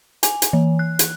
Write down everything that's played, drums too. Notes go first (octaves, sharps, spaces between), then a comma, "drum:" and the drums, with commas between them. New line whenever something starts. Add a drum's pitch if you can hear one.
G#5, drum: hi-hat
drum: hi-hat
E3
F#6
drum: hi-hat